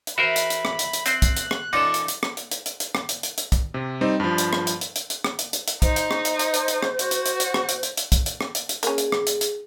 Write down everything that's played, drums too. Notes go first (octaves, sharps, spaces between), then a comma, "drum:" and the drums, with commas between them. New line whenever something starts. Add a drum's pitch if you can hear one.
drum: hi-hat
E3 F#4 A#4 C5 E5 B5
drum: hi-hat
drum: hi-hat
drum: rim click
drum: hi-hat
drum: hi-hat
C4 C5 F#6, drum: hi-hat
drum: kick, hi-hat
drum: hi-hat
drum: rim click
A#2 E3 C#4 D#4 F4 A4 D5 F#5
drum: hi-hat
drum: hi-hat
drum: rim click
drum: hi-hat
drum: hi-hat
drum: hi-hat
drum: hi-hat
drum: rim click
drum: hi-hat
drum: hi-hat
drum: hi-hat
drum: kick, hi-hat
C3
G3 C4 D#4
G2 F3
drum: hi-hat
drum: rim click
drum: hi-hat
drum: hi-hat
drum: hi-hat
drum: hi-hat
drum: rim click
drum: hi-hat
drum: hi-hat
drum: hi-hat
D#4 C5, drum: kick, hi-hat
drum: hi-hat
drum: rim click
drum: hi-hat
drum: hi-hat
drum: hi-hat
drum: hi-hat
drum: rim click
F#4, drum: hi-hat
drum: hi-hat
drum: hi-hat
drum: hi-hat
drum: rim click
drum: hi-hat
drum: hi-hat
drum: hi-hat
drum: kick, hi-hat
drum: hi-hat
drum: rim click
drum: hi-hat
drum: hi-hat
A#3 C#4 G#4, drum: hi-hat
drum: hi-hat
drum: rim click
drum: hi-hat
drum: hi-hat